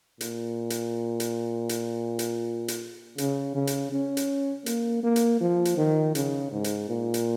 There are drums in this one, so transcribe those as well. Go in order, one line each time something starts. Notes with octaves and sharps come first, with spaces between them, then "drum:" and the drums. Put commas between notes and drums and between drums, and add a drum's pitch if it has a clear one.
A#2, drum: hi-hat
drum: hi-hat
drum: hi-hat
drum: hi-hat
drum: hi-hat
drum: hi-hat
C#3, drum: hi-hat
C#3
drum: hi-hat
C#4
drum: hi-hat
A#3, drum: hi-hat
A#3
drum: hi-hat
F3
drum: hi-hat
D#3
C#3, drum: hi-hat
G#2
drum: hi-hat
A#2
drum: hi-hat